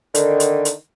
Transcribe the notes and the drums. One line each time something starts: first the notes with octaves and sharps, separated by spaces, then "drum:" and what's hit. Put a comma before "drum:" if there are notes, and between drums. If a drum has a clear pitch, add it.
D3 D#3, drum: hi-hat
drum: hi-hat
drum: hi-hat